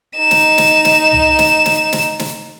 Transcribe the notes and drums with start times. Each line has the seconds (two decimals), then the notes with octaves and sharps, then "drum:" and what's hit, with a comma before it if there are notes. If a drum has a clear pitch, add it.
0.17 D#4 E7
0.31 drum: snare
0.58 drum: snare
0.85 drum: snare
1.12 drum: tom
1.39 drum: snare
1.66 drum: snare
1.93 drum: snare
2.19 drum: snare